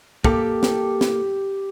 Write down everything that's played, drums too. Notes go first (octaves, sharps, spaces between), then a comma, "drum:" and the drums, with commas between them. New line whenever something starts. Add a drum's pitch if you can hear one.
A#3 G4 A4, drum: kick
drum: snare
drum: snare